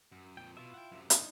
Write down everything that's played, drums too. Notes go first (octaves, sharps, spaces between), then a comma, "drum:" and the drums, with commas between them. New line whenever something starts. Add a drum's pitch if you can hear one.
F#2
F2 A#2 G5
B2 E4 F4 E5
F#5 G5
F#2 C3
G#3 D4 D#4, drum: hi-hat